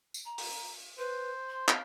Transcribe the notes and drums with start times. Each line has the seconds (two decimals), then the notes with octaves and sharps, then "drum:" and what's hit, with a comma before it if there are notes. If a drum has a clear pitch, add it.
0.14 drum: tambourine
0.25 A#5
0.38 drum: open hi-hat
0.98 B4 C5
1.49 C6
1.68 F5, drum: clap